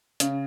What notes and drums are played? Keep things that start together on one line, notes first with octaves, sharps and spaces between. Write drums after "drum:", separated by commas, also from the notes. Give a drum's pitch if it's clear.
C#3, drum: hi-hat